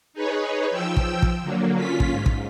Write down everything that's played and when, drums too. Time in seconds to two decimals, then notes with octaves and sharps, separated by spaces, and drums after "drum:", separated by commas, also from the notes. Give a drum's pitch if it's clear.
0.14 D#4 G#4 B4 C#5
0.71 F3 G5 E6
0.97 drum: kick
1.22 drum: kick
1.42 D3 F#3 A#3
1.76 C#4 F4 B6
2.00 drum: kick
2.11 G#2
2.26 drum: kick